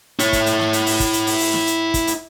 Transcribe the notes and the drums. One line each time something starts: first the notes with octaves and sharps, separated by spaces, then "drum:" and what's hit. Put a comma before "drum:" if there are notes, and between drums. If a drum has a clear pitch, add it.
E4 C#5, drum: hi-hat
drum: kick, hi-hat
drum: hi-hat
drum: snare
drum: hi-hat
drum: open hi-hat
drum: kick, hi-hat
drum: hi-hat
drum: open hi-hat
drum: open hi-hat
drum: snare
drum: hi-hat
drum: kick, hi-hat
drum: hi-hat